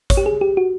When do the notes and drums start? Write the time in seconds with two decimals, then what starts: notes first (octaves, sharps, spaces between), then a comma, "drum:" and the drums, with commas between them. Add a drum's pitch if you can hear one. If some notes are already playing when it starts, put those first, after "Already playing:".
0.10 C#5, drum: kick G#1, hi-hat
0.17 G4
0.26 G#4
0.41 G4
0.57 F#4